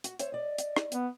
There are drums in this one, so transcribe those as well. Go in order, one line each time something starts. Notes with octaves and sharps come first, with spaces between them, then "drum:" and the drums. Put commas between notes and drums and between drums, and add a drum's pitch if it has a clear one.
F#4, drum: hi-hat
C5 C#5 E5, drum: hi-hat
D5 D#5
drum: hi-hat
drum: rim click
B3, drum: hi-hat